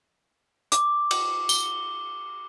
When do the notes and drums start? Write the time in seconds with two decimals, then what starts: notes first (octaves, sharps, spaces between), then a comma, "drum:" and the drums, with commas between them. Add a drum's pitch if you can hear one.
0.72 D6, drum: hi-hat
1.11 drum: cymbal
1.49 G7, drum: tambourine